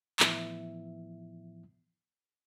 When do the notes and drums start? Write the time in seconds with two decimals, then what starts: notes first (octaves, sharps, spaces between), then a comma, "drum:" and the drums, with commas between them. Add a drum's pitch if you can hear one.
0.20 A2 E3 F3 B3 E4 E5, drum: clap